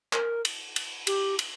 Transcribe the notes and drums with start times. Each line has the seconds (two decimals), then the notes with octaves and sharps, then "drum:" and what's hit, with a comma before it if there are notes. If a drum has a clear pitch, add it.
0.13 A#4, drum: clap
0.45 drum: cymbal
0.76 drum: cymbal
1.07 G4, drum: cymbal
1.39 drum: cymbal